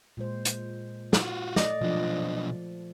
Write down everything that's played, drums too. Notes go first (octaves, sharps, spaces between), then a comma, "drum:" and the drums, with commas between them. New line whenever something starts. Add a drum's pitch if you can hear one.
A#2 G#3 C5
drum: hi-hat
F4 F#4, drum: snare
A3 D5 D#5, drum: snare
B1 F3 D4